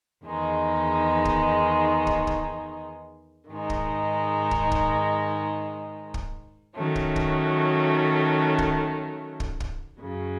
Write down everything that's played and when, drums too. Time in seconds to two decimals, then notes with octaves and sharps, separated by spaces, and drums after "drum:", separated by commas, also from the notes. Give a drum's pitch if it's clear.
0.24 E2 D#3 G#3 D#4
1.25 drum: kick
2.07 drum: kick
2.27 drum: kick
3.49 G#2 D#3 G#3 D#4
3.70 drum: kick
4.51 drum: kick
4.72 drum: kick
6.14 drum: kick
6.75 D#3 F#3 A3 C#4
6.96 drum: kick
7.16 drum: kick
8.58 drum: kick
9.40 drum: kick
9.60 drum: kick
10.00 F#2 C#3 F#3